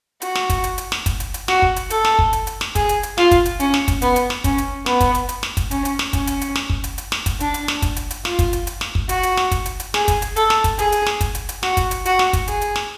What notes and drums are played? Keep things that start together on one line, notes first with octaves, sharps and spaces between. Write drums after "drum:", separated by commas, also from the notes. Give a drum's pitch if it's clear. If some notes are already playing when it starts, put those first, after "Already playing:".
F#4, drum: hi-hat
drum: snare
drum: kick, hi-hat
drum: hi-hat
drum: hi-hat
drum: snare
drum: kick, hi-hat
drum: hi-hat
drum: hi-hat
F#4, drum: snare
drum: kick
drum: hi-hat
A4, drum: hi-hat
drum: snare
drum: kick
drum: hi-hat
drum: hi-hat
drum: snare
G#4, drum: kick, hi-hat
drum: hi-hat
drum: hi-hat
F4, drum: snare
drum: kick, hi-hat
drum: hi-hat
C#4, drum: hi-hat
drum: snare
drum: kick, hi-hat
B3, drum: hi-hat
drum: hi-hat
drum: snare
C#4, drum: kick, hi-hat
drum: hi-hat
B3, drum: snare
drum: kick, hi-hat
drum: hi-hat
drum: hi-hat
drum: snare
drum: kick, hi-hat
C#4, drum: hi-hat
drum: hi-hat
drum: snare
C#4, drum: kick, hi-hat
drum: hi-hat
drum: hi-hat
drum: snare
drum: kick
drum: hi-hat
drum: hi-hat
drum: snare
drum: kick, hi-hat
D4, drum: hi-hat
drum: hi-hat
drum: snare
drum: kick, hi-hat
drum: hi-hat
drum: hi-hat
F4, drum: snare
drum: kick, hi-hat
drum: hi-hat
drum: hi-hat
drum: snare
drum: kick
F#4, drum: hi-hat
drum: hi-hat
drum: snare
drum: kick, hi-hat
drum: hi-hat
drum: hi-hat
G#4, drum: snare
drum: kick, hi-hat
drum: hi-hat
A4, drum: hi-hat
drum: snare
drum: kick, hi-hat
G#4, drum: hi-hat
drum: hi-hat
drum: snare
drum: kick, hi-hat
drum: hi-hat
drum: hi-hat
F#4, drum: snare
drum: kick, hi-hat
drum: hi-hat
F#4, drum: hi-hat
drum: snare
drum: kick, hi-hat
G#4, drum: hi-hat
drum: hi-hat
drum: snare